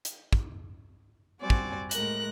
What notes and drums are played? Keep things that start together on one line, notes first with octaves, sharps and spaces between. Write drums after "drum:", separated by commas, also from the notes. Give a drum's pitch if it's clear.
drum: hi-hat
drum: kick
G3 C4 F#4 D5 G#5
drum: kick
A2 G#3 A#4 F#6 A#6, drum: hi-hat